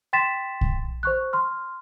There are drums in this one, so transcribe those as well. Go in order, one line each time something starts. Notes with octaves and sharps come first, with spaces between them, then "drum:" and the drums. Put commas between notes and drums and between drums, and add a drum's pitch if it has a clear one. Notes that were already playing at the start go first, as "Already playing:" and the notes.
G5 C6 A6 B6 E7
drum: kick
C5 C#6 F#6
C6 F6